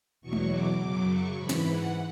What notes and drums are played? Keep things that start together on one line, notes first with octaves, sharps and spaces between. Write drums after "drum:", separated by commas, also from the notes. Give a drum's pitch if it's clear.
E2 B2 F#3 C#6
drum: tom G#3
D6
F#2 C#3 F#3 D6
C#6
G#2 E3 B5
drum: snare
F#5